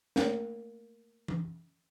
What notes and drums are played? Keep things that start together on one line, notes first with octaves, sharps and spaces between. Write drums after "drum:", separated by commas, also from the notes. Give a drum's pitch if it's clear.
A3 A#3, drum: snare
drum: tom E3